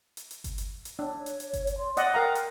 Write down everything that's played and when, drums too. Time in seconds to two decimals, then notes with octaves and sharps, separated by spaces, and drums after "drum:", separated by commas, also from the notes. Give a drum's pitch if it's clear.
0.17 drum: hi-hat
0.31 drum: hi-hat
0.44 drum: kick G1, hi-hat
0.58 drum: hi-hat
0.85 drum: hi-hat
0.99 D4 C#5
1.26 drum: hi-hat
1.40 drum: hi-hat
1.53 drum: kick G1, hi-hat
1.67 drum: hi-hat
1.78 C6
1.97 D5 D#5 F#5, drum: hi-hat
2.14 A#4 F5 G5 A#5
2.35 drum: hi-hat